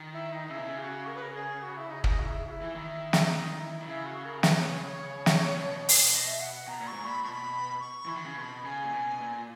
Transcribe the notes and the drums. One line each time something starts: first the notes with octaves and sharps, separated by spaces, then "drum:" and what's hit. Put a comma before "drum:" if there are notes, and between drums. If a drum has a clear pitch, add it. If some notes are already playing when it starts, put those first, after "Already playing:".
Already playing: D#3
E4
D#4
C#3 E4
B2
C#3
G#4
F#4
A#4
B4
A#4
G#4
F#4
E4
D#4
D#4, drum: kick
F#4
E4
F#4
E4
E3
D#3 E4
drum: snare
D#4
E4
D#3
C#3 E4
F#4
A#4
B4, drum: snare
C#5
C#5
C#5
drum: snare
B2
drum: open hi-hat
D#5
E5
F#5
F#5
B2 A#5
A#2
C#6
G#2
A#2 B5
B2 B5 C#6
C#6
E3 B5
D#3
C#3
B2 B5 C#6
C#3 G#5
A#2
B2
A#2